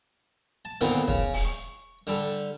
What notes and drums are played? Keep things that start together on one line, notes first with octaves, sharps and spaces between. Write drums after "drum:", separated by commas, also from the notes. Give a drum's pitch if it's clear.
A5
A#2 D3 D#3 B3 C4
C#3, drum: kick
drum: open hi-hat
C#6
D3 G3 A4